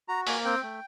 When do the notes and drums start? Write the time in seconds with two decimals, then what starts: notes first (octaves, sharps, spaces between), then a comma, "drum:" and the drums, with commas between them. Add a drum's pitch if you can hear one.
0.08 F#4 A#5
0.27 A#3 G#5, drum: open hi-hat
0.45 C4 G5
0.63 A3